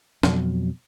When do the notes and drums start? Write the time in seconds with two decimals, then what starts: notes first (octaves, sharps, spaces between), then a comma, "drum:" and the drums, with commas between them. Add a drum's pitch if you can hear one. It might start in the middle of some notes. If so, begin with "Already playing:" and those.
0.23 F2 B2 F#3, drum: snare